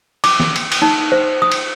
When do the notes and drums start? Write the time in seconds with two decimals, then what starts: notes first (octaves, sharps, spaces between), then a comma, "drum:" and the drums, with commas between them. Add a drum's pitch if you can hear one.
0.24 D6, drum: cymbal
0.40 drum: snare
0.56 drum: cymbal
0.72 drum: cymbal
0.82 D#4
1.12 C5
1.42 D#6
1.52 drum: cymbal